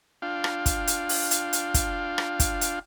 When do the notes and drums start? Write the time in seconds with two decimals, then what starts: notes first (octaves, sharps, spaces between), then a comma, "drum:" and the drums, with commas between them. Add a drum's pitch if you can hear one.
0.22 D4 F4 F5 G5
0.44 drum: rim click
0.66 drum: kick, hi-hat
0.87 drum: hi-hat
1.09 drum: open hi-hat
1.31 drum: hi-hat
1.53 drum: hi-hat
1.74 drum: kick, hi-hat
2.18 drum: rim click
2.40 drum: kick, hi-hat
2.61 drum: hi-hat